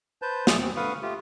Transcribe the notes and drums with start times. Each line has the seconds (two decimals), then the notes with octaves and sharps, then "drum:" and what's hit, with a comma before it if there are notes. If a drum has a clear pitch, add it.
0.22 B4 C5 A5 G6
0.47 F3 A3 G#4 D5 E6 G6, drum: snare
0.60 C4
0.76 D3 B4 F5 C#6 D#6
1.02 A3 F4 G4